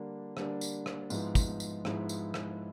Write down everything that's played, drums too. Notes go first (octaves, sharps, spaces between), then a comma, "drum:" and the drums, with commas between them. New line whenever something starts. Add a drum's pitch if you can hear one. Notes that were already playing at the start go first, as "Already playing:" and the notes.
Already playing: D3 G3 A#3 D4
D3 G3 A#3 D4, drum: rim click
drum: tambourine
drum: rim click
G#2 F3 G#3 B3 E4, drum: tambourine
drum: kick, tambourine
drum: tambourine
G#2 F3 G#3 B3 E4, drum: rim click
drum: tambourine
drum: rim click